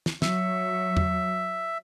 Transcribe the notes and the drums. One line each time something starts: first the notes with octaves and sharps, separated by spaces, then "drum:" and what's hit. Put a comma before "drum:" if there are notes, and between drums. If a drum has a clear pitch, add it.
drum: snare
F#3 E5, drum: snare
drum: tom E2